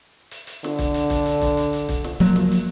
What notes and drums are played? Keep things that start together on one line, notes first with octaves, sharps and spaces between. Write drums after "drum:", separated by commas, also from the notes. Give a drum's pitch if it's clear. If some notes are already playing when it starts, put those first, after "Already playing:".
drum: hi-hat
drum: hi-hat
D3, drum: snare
drum: kick, hi-hat
drum: hi-hat
drum: kick, hi-hat
drum: hi-hat
drum: kick, hi-hat
drum: hi-hat
drum: hi-hat
drum: kick, hi-hat
drum: snare
F3 F#3 A#3, drum: hi-hat
drum: snare
drum: hi-hat